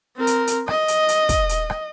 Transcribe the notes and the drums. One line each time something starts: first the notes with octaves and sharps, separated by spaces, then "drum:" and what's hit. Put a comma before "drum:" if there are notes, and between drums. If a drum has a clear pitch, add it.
C4 A#4
drum: hi-hat
drum: hi-hat
D#5, drum: rim click
drum: hi-hat
drum: hi-hat
drum: kick, hi-hat
drum: hi-hat
drum: rim click